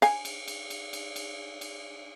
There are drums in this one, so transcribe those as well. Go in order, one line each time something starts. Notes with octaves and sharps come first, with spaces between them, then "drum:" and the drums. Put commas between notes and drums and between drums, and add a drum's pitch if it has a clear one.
F5 G#5, drum: cymbal
drum: cymbal
drum: cymbal
drum: cymbal
drum: cymbal
drum: cymbal
drum: cymbal